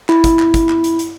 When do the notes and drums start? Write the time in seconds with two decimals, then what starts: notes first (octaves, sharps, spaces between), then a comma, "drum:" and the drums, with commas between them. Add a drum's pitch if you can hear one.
0.09 E4, drum: clap
0.24 drum: kick, hi-hat
0.39 drum: clap
0.54 drum: kick, hi-hat
0.69 drum: clap
0.84 drum: hi-hat
0.99 drum: hi-hat